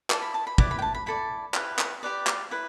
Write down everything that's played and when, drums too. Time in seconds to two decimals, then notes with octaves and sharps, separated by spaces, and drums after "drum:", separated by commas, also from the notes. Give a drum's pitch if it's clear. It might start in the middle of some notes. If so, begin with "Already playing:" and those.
0.10 E4 A4 D5 D6, drum: clap
0.22 B5
0.34 A5
0.47 B5
0.58 E4 G4 B4 D5 D6, drum: kick
0.71 B5
0.79 G5
0.82 A5
0.94 B5
1.06 E4 A4 D5 B5
1.54 E4 G4 B4, drum: clap
1.79 drum: clap
2.03 G4 B4 D5
2.27 drum: clap
2.51 E4 B4